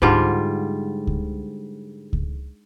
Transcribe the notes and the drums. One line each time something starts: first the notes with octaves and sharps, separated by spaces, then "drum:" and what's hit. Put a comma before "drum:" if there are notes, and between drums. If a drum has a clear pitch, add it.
G#2 D3 G3 F4, drum: kick C#2
drum: kick C#2
drum: kick C#2